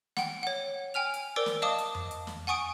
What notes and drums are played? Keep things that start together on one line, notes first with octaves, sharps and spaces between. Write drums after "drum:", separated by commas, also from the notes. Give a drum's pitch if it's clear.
F#5 G5, drum: snare
C#5 F#5
G5 G#5 F6 F7
drum: hi-hat
A#4 C5 D5 D6 E6 D7
drum: snare
D#5 F5 A5 D6 D#6
drum: hi-hat
drum: tom F2
drum: hi-hat
drum: snare
F#5 G#5 C#6 D#6 D7